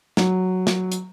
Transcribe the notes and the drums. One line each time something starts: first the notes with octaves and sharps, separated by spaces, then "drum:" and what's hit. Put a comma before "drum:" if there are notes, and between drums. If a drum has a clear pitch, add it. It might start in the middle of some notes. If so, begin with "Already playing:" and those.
F#3, drum: snare
drum: snare
drum: hi-hat